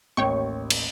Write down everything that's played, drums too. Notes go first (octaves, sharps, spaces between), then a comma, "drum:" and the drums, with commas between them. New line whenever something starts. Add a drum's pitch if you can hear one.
A1 D#2 C#5 G5 C#6
drum: cymbal